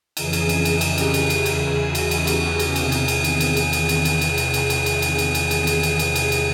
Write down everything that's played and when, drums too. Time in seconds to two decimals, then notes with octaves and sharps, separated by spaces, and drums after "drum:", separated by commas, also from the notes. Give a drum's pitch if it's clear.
0.17 F2 C#3 E3 G#4, drum: cymbal
0.33 drum: cymbal
0.49 drum: cymbal
0.65 drum: cymbal
0.81 G4, drum: cymbal
0.98 drum: cymbal
1.14 drum: cymbal
1.30 drum: cymbal
1.46 E2 C#3 E3 G#4, drum: cymbal
1.79 F#4
1.95 drum: cymbal
2.11 G4, drum: cymbal
2.27 drum: cymbal
2.59 drum: cymbal
2.76 E2 C3 D#3 G#4, drum: cymbal
2.92 drum: cymbal
3.08 drum: cymbal
3.24 drum: cymbal
3.40 drum: cymbal
3.57 drum: cymbal
3.73 drum: cymbal
3.89 drum: cymbal
4.05 drum: cymbal
4.21 drum: cymbal
4.37 drum: cymbal
4.54 drum: cymbal
4.70 drum: cymbal
4.86 drum: cymbal
5.02 drum: cymbal
5.18 drum: cymbal
5.35 drum: cymbal
5.51 drum: cymbal
5.67 drum: cymbal
5.83 drum: cymbal
5.99 drum: cymbal
6.16 drum: cymbal
6.32 drum: cymbal